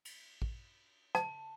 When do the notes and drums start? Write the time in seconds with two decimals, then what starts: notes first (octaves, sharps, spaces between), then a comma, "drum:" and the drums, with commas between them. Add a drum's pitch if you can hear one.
0.05 drum: cymbal
0.42 drum: kick
1.15 A5, drum: rim click